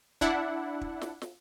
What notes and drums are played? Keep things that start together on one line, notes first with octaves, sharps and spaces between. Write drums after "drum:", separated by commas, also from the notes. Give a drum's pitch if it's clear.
D4 E4 F#5, drum: kick
drum: kick
drum: snare
drum: snare